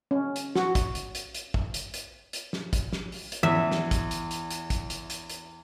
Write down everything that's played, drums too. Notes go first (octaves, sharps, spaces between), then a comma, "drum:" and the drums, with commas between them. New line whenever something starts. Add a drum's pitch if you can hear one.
C#4
drum: hi-hat
F#4, drum: snare
drum: kick, hi-hat
drum: hi-hat
drum: hi-hat
drum: hi-hat
drum: kick
drum: hi-hat
drum: hi-hat
drum: hi-hat
drum: snare
drum: kick, hi-hat
drum: snare
drum: open hi-hat
drum: hi-hat
E2 E5
drum: snare
drum: kick, hi-hat
drum: hi-hat
drum: hi-hat
drum: hi-hat
drum: kick, hi-hat
drum: hi-hat
drum: hi-hat
drum: hi-hat